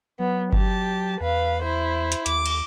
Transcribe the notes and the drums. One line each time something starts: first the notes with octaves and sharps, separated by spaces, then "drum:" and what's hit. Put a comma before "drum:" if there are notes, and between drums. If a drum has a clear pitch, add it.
F#3 B3
G4 A5, drum: kick G1
E2 B4 F5
E4 C5
drum: hi-hat
D#2 D6, drum: hi-hat
drum: cymbal